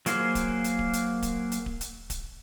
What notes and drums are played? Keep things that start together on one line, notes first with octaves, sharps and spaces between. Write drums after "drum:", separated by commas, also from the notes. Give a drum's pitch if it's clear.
F#3 A#3 G#4 C5, drum: hi-hat
drum: kick D1, hi-hat
drum: hi-hat
drum: kick D1
drum: hi-hat
drum: kick D1, hi-hat
drum: hi-hat
drum: kick D1
drum: hi-hat
drum: kick D1, hi-hat